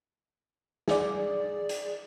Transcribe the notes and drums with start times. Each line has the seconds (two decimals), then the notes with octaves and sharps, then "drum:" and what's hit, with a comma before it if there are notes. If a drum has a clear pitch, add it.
0.88 G#4 D5, drum: snare
1.69 drum: hi-hat